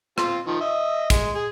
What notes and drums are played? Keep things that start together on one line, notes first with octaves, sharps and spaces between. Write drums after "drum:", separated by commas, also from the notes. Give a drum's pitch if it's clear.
C4 F4, drum: rim click
D#3 F3
D#5 E5
G#3, drum: kick, hi-hat
G#4